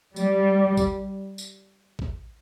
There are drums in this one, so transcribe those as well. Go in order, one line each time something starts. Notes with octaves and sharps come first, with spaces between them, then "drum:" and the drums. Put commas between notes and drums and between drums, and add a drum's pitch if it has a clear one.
G3, drum: tambourine
drum: kick A1, tambourine
drum: tambourine
drum: kick A1